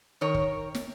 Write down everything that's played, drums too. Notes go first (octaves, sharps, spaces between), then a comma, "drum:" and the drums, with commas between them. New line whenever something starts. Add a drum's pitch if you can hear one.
D#3 A#4 C#5
drum: kick
drum: snare